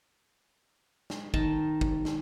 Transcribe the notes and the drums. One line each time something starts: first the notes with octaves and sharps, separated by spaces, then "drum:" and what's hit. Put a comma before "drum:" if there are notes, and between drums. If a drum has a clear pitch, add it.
drum: snare
D#3 A5, drum: kick
drum: kick
drum: snare